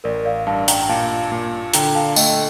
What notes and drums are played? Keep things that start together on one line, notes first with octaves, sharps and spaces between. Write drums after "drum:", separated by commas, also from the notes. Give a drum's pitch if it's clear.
A1 A#4 D5
D5 F5
G2 F5 A5
G5 A#5, drum: hi-hat
A#2 F5 A5
A#2
D3 G5 A#5, drum: hi-hat
F5 A5
A3 D#5 G5, drum: tambourine